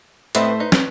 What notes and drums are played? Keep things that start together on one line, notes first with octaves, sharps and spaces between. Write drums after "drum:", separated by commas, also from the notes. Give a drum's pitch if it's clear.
A2 A3 B3 C4 C5 D#5 E5, drum: hi-hat
D#4 B4
drum: snare